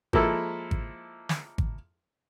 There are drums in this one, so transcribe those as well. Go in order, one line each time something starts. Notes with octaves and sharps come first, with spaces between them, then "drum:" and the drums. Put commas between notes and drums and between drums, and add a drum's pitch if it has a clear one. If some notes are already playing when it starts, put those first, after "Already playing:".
F3 G#3 A#3 E4 A4, drum: kick G#1
drum: kick G#1
drum: snare
drum: kick G#1